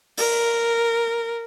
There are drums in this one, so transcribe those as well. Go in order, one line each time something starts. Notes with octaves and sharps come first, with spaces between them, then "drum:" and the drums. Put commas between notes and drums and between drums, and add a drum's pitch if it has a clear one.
A#4, drum: open hi-hat